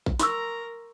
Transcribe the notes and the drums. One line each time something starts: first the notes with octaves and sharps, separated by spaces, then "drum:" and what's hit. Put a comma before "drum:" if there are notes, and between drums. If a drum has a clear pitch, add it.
drum: kick A#1
A#4 A#5 C6 C#6 E6, drum: snare